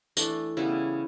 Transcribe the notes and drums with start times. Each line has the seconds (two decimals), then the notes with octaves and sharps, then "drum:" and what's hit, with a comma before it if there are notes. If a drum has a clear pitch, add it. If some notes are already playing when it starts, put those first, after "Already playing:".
0.17 E3 A3 D4, drum: tambourine
0.57 C#3 G3 B3 E4